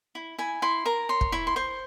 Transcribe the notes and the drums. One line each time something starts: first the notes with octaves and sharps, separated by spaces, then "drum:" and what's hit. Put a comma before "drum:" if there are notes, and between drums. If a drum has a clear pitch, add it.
E4
E4 G#5
E4 C6
A#4 A#5
C#5 C6
drum: kick
E4 C#6
C6
C5 C#6